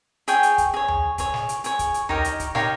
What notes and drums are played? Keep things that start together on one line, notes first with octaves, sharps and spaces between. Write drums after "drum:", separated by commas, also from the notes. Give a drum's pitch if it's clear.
G#4 C#5 G5, drum: hi-hat
drum: hi-hat
drum: kick, hi-hat
G#4 C#5
drum: tom D#2
G#4 C#5, drum: kick, hi-hat
drum: snare
drum: hi-hat
G#4 C#5, drum: hi-hat
drum: kick, hi-hat
drum: hi-hat
D#4 G4 A#4 C#5 D#5, drum: tom D#2
drum: hi-hat
drum: kick, hi-hat
D#4 G4 A#4 C#5 F5, drum: snare